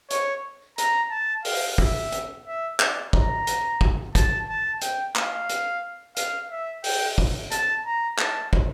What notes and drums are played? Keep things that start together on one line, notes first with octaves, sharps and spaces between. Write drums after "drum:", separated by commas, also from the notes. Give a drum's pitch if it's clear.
C#5, drum: hi-hat
A#5, drum: hi-hat
A5
F5, drum: open hi-hat
E5, drum: kick
drum: hi-hat
E5
D5, drum: clap
A#5, drum: kick
drum: hi-hat
drum: kick
A5, drum: kick, hi-hat
A5
G5, drum: hi-hat
F5, drum: clap
drum: hi-hat
F5, drum: hi-hat
E5
G5, drum: open hi-hat
drum: kick
A5, drum: hi-hat
A#5
A5, drum: clap
drum: kick